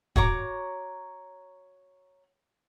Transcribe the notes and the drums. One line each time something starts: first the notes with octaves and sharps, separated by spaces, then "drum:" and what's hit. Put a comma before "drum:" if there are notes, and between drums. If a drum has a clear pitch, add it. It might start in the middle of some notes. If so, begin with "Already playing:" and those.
F#4 C#5 A#5 D6, drum: kick